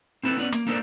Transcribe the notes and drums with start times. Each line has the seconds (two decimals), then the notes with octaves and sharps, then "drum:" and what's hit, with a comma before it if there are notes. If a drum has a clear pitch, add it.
0.23 C4 E4 A4 B4
0.38 B3 C#4 D5
0.52 A#3, drum: hi-hat
0.67 A#3 D4 A4 A#4 C5 D5